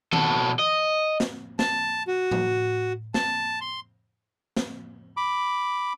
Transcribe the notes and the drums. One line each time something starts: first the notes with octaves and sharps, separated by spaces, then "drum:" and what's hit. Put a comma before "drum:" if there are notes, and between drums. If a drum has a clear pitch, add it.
B2 A4, drum: tom D#3
D#5
drum: snare
A5, drum: snare
F#4
drum: tom
A5, drum: snare
C6
drum: snare
B5 D6